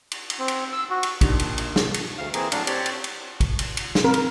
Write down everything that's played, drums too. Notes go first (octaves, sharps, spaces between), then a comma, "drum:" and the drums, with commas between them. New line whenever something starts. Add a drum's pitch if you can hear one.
drum: cymbal
drum: cymbal
C4
drum: cymbal
E6
F#4
drum: cymbal
A#1 A#2 D4 D#4 F4 G4, drum: kick, cymbal
drum: cymbal
drum: cymbal
drum: snare
drum: cymbal
D2 F5
E3 A#3 C4 G#4 A#4, drum: cymbal
A2 F#3 D4 F5, drum: cymbal
C4 G4 C#5 D5, drum: cymbal
drum: cymbal
drum: cymbal
drum: kick, cymbal
drum: cymbal
drum: cymbal
drum: snare
C4 A#4
drum: cymbal